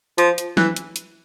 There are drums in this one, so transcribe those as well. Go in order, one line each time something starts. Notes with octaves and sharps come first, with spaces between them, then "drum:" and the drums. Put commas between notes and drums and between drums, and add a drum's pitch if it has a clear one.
F3, drum: hi-hat
drum: hi-hat
E3, drum: snare
drum: hi-hat
drum: hi-hat